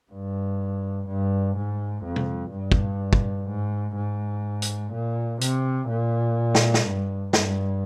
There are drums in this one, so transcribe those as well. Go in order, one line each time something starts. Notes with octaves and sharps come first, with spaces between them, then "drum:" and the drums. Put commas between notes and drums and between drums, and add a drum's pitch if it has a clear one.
G2
G2
G#2
F2
drum: tom
G2
drum: kick
drum: kick
G#2
G#2
drum: hi-hat
A#2
C3, drum: hi-hat
A#2
drum: snare
drum: snare
G2
G2, drum: snare